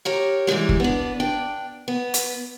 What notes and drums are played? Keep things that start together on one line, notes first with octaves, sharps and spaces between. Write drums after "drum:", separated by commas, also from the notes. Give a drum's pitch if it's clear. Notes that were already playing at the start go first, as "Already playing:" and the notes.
G4 A#4 C#5
G#2 E3 F3 G3 G#3
drum: kick F#1
B3 D4
D4 G5
B3
drum: hi-hat